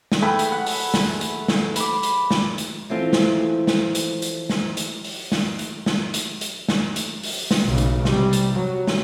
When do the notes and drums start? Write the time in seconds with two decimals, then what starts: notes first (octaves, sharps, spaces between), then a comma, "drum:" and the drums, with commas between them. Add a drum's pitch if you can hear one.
0.12 drum: snare
0.21 A3 G#4 B4 G5
0.39 drum: hi-hat
0.52 F#5
0.66 drum: open hi-hat
0.94 drum: snare
1.21 drum: hi-hat
1.48 drum: snare
1.76 B5 D6, drum: hi-hat
2.03 drum: hi-hat
2.31 drum: snare
2.58 drum: hi-hat
2.90 E3 F3 A3 C4 F4
3.13 drum: snare
3.67 drum: snare
3.95 drum: hi-hat
4.22 drum: hi-hat
4.50 drum: snare
4.77 drum: hi-hat
5.04 drum: open hi-hat
5.32 drum: snare
5.59 drum: hi-hat
5.86 drum: snare
6.14 drum: hi-hat
6.41 drum: hi-hat
6.68 drum: snare
6.96 drum: hi-hat
7.23 drum: open hi-hat
7.51 drum: snare
7.65 B1 C#3
7.78 drum: hi-hat
8.05 C3 G3, drum: snare
8.33 drum: hi-hat
8.53 F#3
8.87 drum: snare